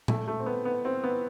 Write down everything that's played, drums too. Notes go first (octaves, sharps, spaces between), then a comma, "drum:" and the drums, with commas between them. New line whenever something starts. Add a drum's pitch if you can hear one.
A3, drum: tom A#2
A3
C4
B3
B3
C4
B3